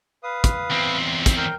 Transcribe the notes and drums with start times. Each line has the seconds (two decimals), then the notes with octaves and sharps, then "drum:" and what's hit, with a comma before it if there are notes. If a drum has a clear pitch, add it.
0.23 B4 F5 D#6
0.44 drum: kick, hi-hat
0.70 E2 C4
1.26 drum: kick, hi-hat
1.36 A#4 G5